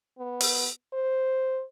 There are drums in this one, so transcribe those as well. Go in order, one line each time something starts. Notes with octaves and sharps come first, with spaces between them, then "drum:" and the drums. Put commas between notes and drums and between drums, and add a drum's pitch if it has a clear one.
B3
drum: open hi-hat
C5